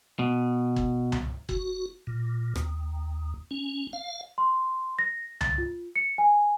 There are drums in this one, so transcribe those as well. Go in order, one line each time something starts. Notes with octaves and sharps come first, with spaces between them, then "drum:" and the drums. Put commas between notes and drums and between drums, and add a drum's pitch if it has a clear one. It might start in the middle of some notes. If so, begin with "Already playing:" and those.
B2
drum: kick
drum: tom C2
F#4, drum: kick
A#2
D#2, drum: rim click
C#4
F5
C6
A#6
A6, drum: tom C2
F4
C#7
G#5